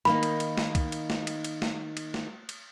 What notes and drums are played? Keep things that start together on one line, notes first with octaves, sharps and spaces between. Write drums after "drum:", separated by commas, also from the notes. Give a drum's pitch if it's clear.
D#3 A#3 D#4 B5, drum: snare
drum: cymbal
drum: cymbal
drum: snare
drum: kick C2, cymbal
drum: cymbal
drum: snare
drum: cymbal
drum: cymbal
drum: snare
drum: cymbal
drum: snare
drum: cymbal